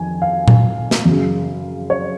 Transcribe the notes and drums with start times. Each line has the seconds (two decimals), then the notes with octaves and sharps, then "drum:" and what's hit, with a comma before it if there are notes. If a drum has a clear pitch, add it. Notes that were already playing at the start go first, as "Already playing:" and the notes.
Already playing: F2 D#3 G#5
0.22 F5
0.48 drum: tom A#2
0.91 drum: snare
1.05 F#2 C#3
1.90 C#5